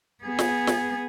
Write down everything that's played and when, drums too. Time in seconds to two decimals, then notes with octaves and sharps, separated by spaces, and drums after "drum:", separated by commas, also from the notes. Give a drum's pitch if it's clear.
0.24 B3 G#4
0.39 drum: snare
0.67 drum: snare